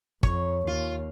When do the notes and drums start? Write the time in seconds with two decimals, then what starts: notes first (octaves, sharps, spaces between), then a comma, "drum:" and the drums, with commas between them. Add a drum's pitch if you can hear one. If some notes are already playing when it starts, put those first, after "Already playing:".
0.23 F2 C#5, drum: kick
0.67 D#2 F4